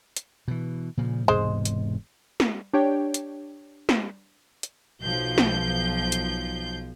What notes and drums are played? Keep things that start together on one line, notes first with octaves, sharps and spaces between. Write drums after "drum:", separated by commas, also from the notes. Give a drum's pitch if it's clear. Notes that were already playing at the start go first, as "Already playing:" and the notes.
drum: hi-hat
B2 E3
A#2 C#3 F3
E1 G#2 C3 G#3 C5
drum: hi-hat
drum: snare
D4 G4 C#5 G5
drum: hi-hat
drum: snare
drum: hi-hat
B1 F3 G6
drum: snare
drum: hi-hat